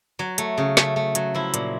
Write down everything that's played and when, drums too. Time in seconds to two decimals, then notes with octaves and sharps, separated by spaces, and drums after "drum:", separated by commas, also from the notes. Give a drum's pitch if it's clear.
0.19 F#3
0.38 A3, drum: hi-hat
0.58 C#3
0.77 A3, drum: snare
0.96 A3
1.15 F#3, drum: hi-hat
1.34 F3 E4
1.54 A#2, drum: hi-hat